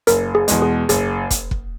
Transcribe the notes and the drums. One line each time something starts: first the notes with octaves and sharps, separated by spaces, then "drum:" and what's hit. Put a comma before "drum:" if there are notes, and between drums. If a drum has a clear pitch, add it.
F#1 A#4, drum: hi-hat
G#4
E2 B2 G#3, drum: hi-hat
G#4
F#1 G#4, drum: hi-hat
drum: kick, hi-hat
drum: kick